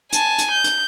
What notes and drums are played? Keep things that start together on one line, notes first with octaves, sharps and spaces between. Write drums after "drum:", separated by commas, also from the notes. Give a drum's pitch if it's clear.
G#5 A5, drum: hi-hat
drum: hi-hat
G6
drum: hi-hat